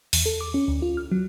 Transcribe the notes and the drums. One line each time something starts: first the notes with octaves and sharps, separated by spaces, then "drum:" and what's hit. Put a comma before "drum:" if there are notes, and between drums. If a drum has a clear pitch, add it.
E2, drum: open hi-hat
A4
D6
C#4
D2
F4
F6
F#3